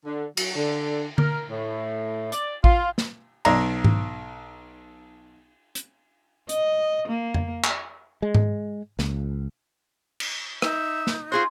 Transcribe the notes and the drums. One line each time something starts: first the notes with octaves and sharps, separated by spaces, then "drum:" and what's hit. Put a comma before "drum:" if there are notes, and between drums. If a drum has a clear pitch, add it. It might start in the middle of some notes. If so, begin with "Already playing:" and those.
D3
F#3, drum: cymbal
D3
A#4, drum: tom D3
A2
D5, drum: hi-hat
F4, drum: kick A1
drum: snare
B1 A#5, drum: cymbal
drum: tom G#2
drum: hi-hat
D#5, drum: hi-hat
A#3
drum: tom F2
drum: clap
G#3
drum: tom G#2
C#2, drum: snare
drum: cymbal
D#4 E5, drum: rim click
drum: snare
F4 F#4 G#4 C5 C6